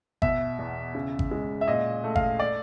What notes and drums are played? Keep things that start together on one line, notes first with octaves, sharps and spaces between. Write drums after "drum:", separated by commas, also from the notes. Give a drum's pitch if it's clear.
B2 E5, drum: kick G#1
E2
C#3
drum: kick G#1
G#3
E5
A#2 D#5
A3
F5, drum: kick G#1
D5